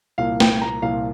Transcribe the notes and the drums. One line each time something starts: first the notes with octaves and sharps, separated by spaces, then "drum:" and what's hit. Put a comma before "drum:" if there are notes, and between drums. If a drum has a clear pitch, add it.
C2 A#2 F3 A#3 F5
G5, drum: snare
A#5
C2 A#2 F3 A#3 F5